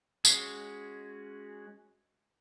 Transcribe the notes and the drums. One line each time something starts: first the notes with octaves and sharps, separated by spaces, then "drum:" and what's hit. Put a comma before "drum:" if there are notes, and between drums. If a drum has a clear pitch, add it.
G#3 C#4 F#4 G#4, drum: tambourine